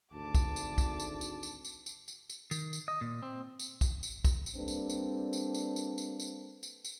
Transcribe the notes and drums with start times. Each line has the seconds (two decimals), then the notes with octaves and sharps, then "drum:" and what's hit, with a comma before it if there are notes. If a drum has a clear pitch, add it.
0.13 G#1 D2 A5 D6
0.34 drum: kick, tambourine
0.56 drum: tambourine
0.78 drum: kick, tambourine
0.99 drum: tambourine
1.21 drum: tambourine
1.43 drum: tambourine
1.64 drum: tambourine
1.86 drum: tambourine
2.08 drum: tambourine
2.29 drum: tambourine
2.51 D#3, drum: tambourine
2.73 drum: tambourine
2.88 D#5
3.01 A#2
3.22 C4
3.59 drum: tambourine
3.81 drum: kick, tambourine
4.03 drum: tambourine
4.24 drum: kick, tambourine
4.46 drum: tambourine
4.56 G3 A#3 C4 D4 A4 B4
4.68 drum: tambourine
4.89 drum: tambourine
5.33 drum: tambourine
5.54 drum: tambourine
5.76 drum: tambourine
5.98 drum: tambourine
6.19 drum: tambourine
6.63 drum: tambourine
6.84 drum: tambourine